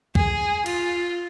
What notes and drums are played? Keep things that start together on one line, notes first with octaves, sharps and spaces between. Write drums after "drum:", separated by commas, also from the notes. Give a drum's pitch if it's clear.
G#4, drum: kick C#2
F4, drum: cymbal